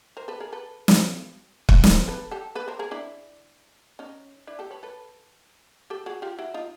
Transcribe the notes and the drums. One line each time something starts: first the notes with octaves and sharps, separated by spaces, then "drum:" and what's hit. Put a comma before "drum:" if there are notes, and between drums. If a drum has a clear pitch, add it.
A#4 C5
A4 B4
G#4 A#4
A4 B4
drum: snare
drum: kick
A#4 C5, drum: snare
A4 B4
G4 A4
A4 B4
A#4 C5
G#4 A#4
D4 E4
C#4 D#4
D4 E4
G4 A4
B4 C#5
A4 B4
G4 A4
F#4 G#4
F4 G4
E4 F#4
D#4 F4